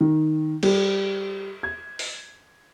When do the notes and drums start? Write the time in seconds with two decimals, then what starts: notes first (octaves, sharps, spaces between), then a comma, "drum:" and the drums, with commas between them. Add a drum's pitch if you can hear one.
0.01 D#3
0.63 G3, drum: cymbal
1.63 G#6
1.99 drum: open hi-hat